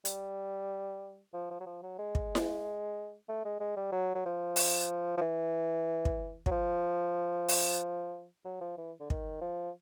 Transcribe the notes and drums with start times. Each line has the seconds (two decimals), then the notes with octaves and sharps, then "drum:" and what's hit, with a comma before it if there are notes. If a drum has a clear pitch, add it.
0.05 G3, drum: hi-hat
1.34 F3
1.51 F3
1.61 F#3
1.66 F3
1.83 F#3
1.99 G#3
2.15 drum: kick
2.35 drum: snare E4
3.29 A3
3.45 G#3
3.60 G#3
3.76 G3
3.92 F#3
4.15 F#3
4.26 F3
4.56 drum: open hi-hat
5.17 F3
5.21 E3
6.05 drum: kick
6.46 F#3, drum: kick
6.51 F3
7.48 drum: open hi-hat
8.45 F#3
8.61 F3
8.77 E3
9.00 D3
9.10 D#3, drum: kick
9.41 F3